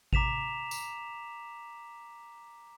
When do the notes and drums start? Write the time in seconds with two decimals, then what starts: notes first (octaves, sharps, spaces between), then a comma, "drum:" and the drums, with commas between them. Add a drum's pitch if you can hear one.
0.13 A#5 D6 B6 E7 F7, drum: kick G#1
0.71 drum: tambourine